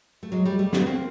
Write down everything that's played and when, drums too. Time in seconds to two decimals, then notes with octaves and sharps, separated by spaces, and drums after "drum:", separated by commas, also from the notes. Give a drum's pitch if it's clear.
0.23 A3
0.32 F#3 G#3
0.45 G3 A3
0.59 G3 A3
0.73 C4 D4, drum: snare
0.79 B3
0.86 A#3 C4